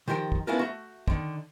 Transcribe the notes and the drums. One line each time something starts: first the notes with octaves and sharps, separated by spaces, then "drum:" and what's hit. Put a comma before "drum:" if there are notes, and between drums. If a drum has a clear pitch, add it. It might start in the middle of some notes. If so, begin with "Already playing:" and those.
D#3 F3 G4 A#4 G5
drum: kick
B3 C#4 D4 E4 F4 A#4
A3 F#4
D3 D#3, drum: kick